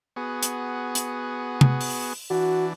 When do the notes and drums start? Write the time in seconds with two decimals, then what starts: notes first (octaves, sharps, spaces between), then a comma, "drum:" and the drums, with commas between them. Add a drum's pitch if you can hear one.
0.16 B3 F#4 G#4
0.43 drum: hi-hat
0.95 drum: hi-hat
1.61 drum: tom C3
1.81 drum: open hi-hat
2.30 E3 D4 F#4